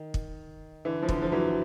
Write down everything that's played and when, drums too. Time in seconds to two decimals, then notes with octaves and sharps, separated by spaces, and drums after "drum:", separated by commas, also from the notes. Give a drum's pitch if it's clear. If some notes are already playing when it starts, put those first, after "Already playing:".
Already playing: D#3
0.14 drum: kick
0.85 D3 E3
1.02 F3
1.09 D3 E3, drum: kick
1.22 F3
1.32 E3 F#3